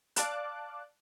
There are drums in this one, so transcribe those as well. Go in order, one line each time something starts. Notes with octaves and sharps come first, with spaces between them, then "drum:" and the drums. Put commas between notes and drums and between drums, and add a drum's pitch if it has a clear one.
D5 F5 A5 D6 F#6, drum: hi-hat